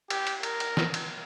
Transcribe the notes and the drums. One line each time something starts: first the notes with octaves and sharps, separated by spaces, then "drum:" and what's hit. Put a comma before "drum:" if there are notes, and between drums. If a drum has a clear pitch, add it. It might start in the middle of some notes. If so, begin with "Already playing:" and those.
G4, drum: cymbal
drum: cymbal
A#4, drum: cymbal
drum: cymbal
drum: snare
drum: cymbal